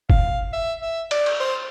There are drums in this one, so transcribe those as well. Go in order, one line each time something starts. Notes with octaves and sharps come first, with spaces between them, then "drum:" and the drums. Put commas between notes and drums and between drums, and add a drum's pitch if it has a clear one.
F5, drum: kick
E5
E5
D5, drum: cymbal
drum: cymbal
C5